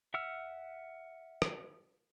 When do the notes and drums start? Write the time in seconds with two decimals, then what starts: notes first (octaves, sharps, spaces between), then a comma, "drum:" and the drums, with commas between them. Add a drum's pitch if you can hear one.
0.14 E5 F#5 E6 F6
1.42 drum: rim click